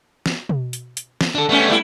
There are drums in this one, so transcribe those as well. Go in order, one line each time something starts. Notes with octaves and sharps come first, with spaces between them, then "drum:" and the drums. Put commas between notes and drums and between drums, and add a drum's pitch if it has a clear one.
drum: snare
drum: tom B2
drum: hi-hat
drum: hi-hat
drum: snare
D4 A4
G3 A3 B3 C#4
G3 A#3 E4